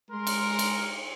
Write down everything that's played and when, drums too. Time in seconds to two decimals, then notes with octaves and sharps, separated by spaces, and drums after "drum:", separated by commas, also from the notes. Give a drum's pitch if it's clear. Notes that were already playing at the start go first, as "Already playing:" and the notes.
0.11 G#3 A#4 C6
0.27 drum: cymbal
0.59 drum: cymbal